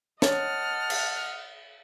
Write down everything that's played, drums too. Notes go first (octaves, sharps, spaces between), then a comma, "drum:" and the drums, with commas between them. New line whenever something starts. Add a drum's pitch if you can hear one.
C#5 D#5 F#5 A5 F6, drum: snare
drum: cymbal